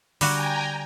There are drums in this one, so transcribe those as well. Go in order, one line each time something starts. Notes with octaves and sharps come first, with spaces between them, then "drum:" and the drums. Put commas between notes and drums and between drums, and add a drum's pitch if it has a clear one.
D3 G3 F#4 G5 G#5 A#5, drum: open hi-hat